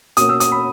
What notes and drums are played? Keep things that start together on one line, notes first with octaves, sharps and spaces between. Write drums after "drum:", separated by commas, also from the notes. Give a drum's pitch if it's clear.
B2 A#3 C#4 D#6, drum: hi-hat
E6
D#6, drum: hi-hat
B5